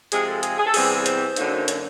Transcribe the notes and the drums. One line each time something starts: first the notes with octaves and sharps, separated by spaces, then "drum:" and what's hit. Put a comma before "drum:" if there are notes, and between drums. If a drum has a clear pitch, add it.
C3 F3 G#3 G#4, drum: hi-hat
A4
G#4, drum: hi-hat
G#4
A4
E2 C3 E3 G3 C4 G#4, drum: open hi-hat
C5, drum: hi-hat
F#2 D3 F#3 A#3 D#4, drum: hi-hat
C#5, drum: hi-hat